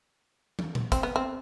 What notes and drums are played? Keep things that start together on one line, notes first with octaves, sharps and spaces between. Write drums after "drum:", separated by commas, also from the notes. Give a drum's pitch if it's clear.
drum: tom
drum: tom A#2
C4, drum: kick, hi-hat
B3
C4